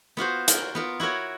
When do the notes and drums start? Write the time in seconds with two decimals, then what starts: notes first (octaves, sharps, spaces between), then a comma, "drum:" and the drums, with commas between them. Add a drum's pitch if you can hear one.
0.17 B3 F4 F#4 C5
0.48 A#4, drum: hi-hat
0.75 B3 F4 A#4
1.00 E4 F#4 A#4 C#5